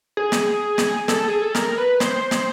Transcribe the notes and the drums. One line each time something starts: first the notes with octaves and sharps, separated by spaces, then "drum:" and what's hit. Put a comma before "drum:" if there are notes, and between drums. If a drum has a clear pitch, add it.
G#4
drum: snare
drum: snare
A4, drum: snare
G#4
A4
A#4, drum: snare
B4
C5, drum: snare
drum: snare